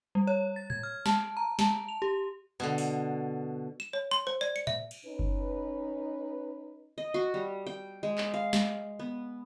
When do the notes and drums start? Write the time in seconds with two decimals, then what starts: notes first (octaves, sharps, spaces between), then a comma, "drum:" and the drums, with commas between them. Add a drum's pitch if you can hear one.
0.15 G3
0.27 C#5
0.56 A6
0.70 G#6, drum: tom A2
0.83 F6
1.06 A5, drum: snare
1.37 A#5
1.59 A5, drum: snare
1.88 F7
2.02 G4
2.60 B2 D3
2.78 drum: open hi-hat
3.80 E7
3.93 C#5
4.11 C6
4.27 C5
4.41 D5
4.56 C#7
4.67 E5, drum: tom A2
4.91 drum: cymbal
5.06 C#4 D#4 B4
5.19 drum: kick F#1
6.98 D#5
7.14 F#4
7.34 G3
7.67 G5
8.03 G#3
8.18 drum: clap
8.34 F5
8.53 drum: snare
8.99 B3